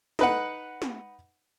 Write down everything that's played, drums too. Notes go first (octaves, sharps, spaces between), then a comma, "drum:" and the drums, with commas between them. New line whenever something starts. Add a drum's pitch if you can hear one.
D#4 B4 F#5, drum: snare
drum: snare